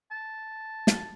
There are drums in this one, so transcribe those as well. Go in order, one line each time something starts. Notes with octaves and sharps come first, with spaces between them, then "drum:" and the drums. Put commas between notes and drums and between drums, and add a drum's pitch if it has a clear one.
A5
drum: snare